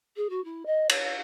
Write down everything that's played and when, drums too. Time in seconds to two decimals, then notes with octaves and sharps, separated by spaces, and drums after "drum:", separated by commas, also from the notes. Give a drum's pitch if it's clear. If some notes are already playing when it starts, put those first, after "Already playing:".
0.16 G#4
0.30 F#4
0.44 E4
0.66 D#5
0.89 C#5, drum: cymbal